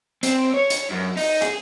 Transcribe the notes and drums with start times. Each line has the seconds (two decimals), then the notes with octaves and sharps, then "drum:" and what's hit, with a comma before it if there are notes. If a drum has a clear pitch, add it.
0.23 C4, drum: hi-hat
0.54 C#5
0.70 drum: hi-hat
0.91 F#2
1.17 D#4, drum: open hi-hat
1.42 G#4, drum: hi-hat